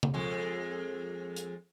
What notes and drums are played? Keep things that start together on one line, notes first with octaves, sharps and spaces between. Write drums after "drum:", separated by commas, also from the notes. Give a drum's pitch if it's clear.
drum: tom C#3
F2 G#3
drum: hi-hat